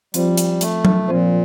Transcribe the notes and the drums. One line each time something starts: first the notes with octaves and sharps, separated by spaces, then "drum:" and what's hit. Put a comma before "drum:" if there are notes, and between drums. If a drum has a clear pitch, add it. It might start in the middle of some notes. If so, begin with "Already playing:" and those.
F3 G3 C4 F4 C5, drum: hi-hat
drum: hi-hat
A3, drum: hi-hat
drum: tom F#3
A#2 F3 C4 F4 C5